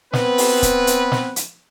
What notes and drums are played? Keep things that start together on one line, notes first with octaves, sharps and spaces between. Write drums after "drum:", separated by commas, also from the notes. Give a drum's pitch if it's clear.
B3 C4 B4, drum: snare
drum: open hi-hat
drum: kick, hi-hat
drum: hi-hat
drum: snare
drum: hi-hat